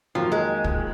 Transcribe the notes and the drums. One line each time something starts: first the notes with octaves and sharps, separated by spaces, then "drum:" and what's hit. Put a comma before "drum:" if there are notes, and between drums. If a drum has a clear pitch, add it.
F2 D#3 F3 F#3 A#3
G#3
drum: kick